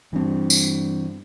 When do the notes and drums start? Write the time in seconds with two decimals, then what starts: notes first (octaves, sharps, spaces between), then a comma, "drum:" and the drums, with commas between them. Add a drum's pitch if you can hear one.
0.13 G2 E3 C4
0.50 drum: tambourine